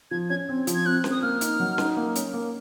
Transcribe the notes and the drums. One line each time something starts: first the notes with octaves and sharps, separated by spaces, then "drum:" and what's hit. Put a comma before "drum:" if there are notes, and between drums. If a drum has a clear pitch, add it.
F3 G#6
C#4 G#6
C4
F3, drum: hi-hat
G#6
C4 F#6
C4, drum: snare C#4
D#6
A#3 F6
D#4, drum: hi-hat
F#3
D#4, drum: snare C#4
A#3
C#4, drum: hi-hat
A#3